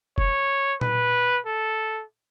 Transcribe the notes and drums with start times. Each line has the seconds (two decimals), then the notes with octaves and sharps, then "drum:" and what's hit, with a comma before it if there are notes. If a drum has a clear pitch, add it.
0.18 C#5, drum: kick F1
0.81 B4, drum: tom A#2
1.46 A4